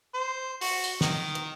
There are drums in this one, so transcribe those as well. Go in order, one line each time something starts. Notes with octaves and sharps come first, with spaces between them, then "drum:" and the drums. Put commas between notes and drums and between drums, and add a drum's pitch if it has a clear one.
C5
F#4, drum: open hi-hat
drum: tambourine
D#3, drum: snare
drum: hi-hat